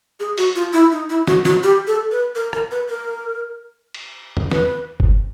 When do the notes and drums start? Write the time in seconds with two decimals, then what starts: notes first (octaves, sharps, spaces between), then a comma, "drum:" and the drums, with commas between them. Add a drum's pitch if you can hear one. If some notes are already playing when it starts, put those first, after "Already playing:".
0.20 G#4
0.38 F#4, drum: open hi-hat
0.56 F4
0.73 E4
0.92 D#4
1.10 E4
1.27 F#4, drum: snare
1.45 F#4, drum: snare
1.63 G4
1.87 A4
2.11 B4
2.35 A#4
2.53 A#4, drum: rim click
2.71 B4
2.89 A#4
3.94 drum: cymbal
4.37 drum: tom E2
4.52 B4, drum: snare
5.00 drum: kick F#1